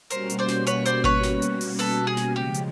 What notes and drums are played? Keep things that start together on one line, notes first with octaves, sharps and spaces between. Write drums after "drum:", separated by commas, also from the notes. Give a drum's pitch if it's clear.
B2 G3 A#3 C#4 F#4 A#4 C5, drum: hi-hat
drum: hi-hat
C5 D5
drum: snare
B4 C#5, drum: hi-hat
C5 D5, drum: hi-hat
B4 C#5, drum: kick G#1
drum: snare
drum: hi-hat
drum: open hi-hat
A4 B4, drum: hi-hat
G#4
drum: snare
C#3 F3 G#3 G4
drum: hi-hat